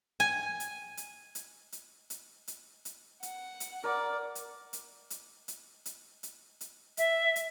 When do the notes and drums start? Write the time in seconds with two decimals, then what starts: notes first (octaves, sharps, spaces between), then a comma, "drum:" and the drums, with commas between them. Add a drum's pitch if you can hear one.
0.20 G#5
0.60 drum: hi-hat
0.97 drum: hi-hat
1.35 drum: hi-hat
1.72 drum: hi-hat
2.10 drum: hi-hat
2.48 drum: hi-hat
2.85 drum: hi-hat
3.23 F#5, drum: hi-hat
3.60 drum: hi-hat
3.84 A#4 D5
4.35 drum: hi-hat
4.73 drum: hi-hat
5.10 drum: hi-hat
5.48 drum: hi-hat
5.85 drum: hi-hat
6.23 drum: hi-hat
6.61 drum: hi-hat
6.97 E5, drum: hi-hat
7.36 drum: hi-hat